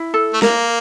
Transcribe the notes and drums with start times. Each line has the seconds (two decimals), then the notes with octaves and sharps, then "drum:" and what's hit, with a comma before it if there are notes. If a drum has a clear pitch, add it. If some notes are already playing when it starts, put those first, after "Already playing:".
Already playing: E4
0.14 A4
0.33 A3
0.42 A#3 A#4, drum: snare